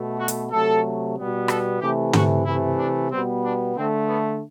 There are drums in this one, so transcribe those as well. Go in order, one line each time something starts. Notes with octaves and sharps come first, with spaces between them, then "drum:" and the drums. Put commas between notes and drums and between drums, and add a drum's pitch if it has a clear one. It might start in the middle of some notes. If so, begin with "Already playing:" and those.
Already playing: B2 A3
F#4
drum: hi-hat
C3 F#3 A3 A4
B2 G3 B3
A4, drum: rim click
C3 E3 A3 G4
F#4, drum: tom
C3 E3 A3 E4
D4
B2 G3 B3 C4
D4
D3 A3 C4
B3